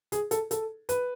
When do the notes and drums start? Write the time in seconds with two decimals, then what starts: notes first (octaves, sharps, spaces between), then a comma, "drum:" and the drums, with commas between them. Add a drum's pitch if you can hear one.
0.12 G#4, drum: hi-hat
0.31 A4, drum: hi-hat
0.51 A4, drum: hi-hat
0.89 B4, drum: hi-hat